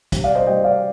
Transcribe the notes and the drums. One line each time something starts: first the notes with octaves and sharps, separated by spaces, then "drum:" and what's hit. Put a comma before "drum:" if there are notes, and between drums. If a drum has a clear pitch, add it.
C3 G3, drum: kick A#1, hi-hat
D5 F5
C5 D#5
C3 G3 D#5 G5
D5 F5